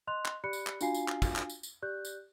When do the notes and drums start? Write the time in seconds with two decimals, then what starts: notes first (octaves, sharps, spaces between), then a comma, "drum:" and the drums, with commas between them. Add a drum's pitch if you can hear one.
0.07 D#5 C6 F#6 F7
0.25 drum: clap
0.44 G4 D5 B5 F#6 C#7
0.53 drum: tambourine
0.67 drum: clap
0.81 D4 F4 F#4 F5 G#5 C7, drum: tambourine
0.94 drum: tambourine
1.08 drum: clap
1.22 drum: kick, tambourine
1.36 drum: clap
1.50 drum: tambourine
1.63 drum: tambourine
1.82 G4 D5 F#6 G6
2.05 drum: tambourine